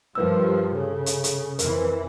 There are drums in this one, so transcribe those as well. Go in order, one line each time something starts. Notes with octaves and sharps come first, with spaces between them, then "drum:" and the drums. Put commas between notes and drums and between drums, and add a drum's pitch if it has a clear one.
G2 F3 G3 A#4 B4 E6
C#3 A4
drum: hi-hat
drum: hi-hat
F2 E3 A#4, drum: hi-hat